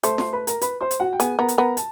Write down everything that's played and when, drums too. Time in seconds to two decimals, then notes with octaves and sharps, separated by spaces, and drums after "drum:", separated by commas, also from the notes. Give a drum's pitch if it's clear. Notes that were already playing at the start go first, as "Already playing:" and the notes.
0.03 A3 C5 C6, drum: hi-hat
0.18 C5 C6, drum: snare
0.33 B4 B5
0.47 A#4 A#5, drum: hi-hat
0.61 B4 B5, drum: hi-hat
0.81 C5 C6
0.91 drum: hi-hat
1.00 F#4 F#5
1.13 G5
1.20 B3 G#4 G#5, drum: hi-hat
1.39 B3 A#4 A#5
1.48 drum: hi-hat
1.58 B3 A#4 A#5
1.77 A5, drum: hi-hat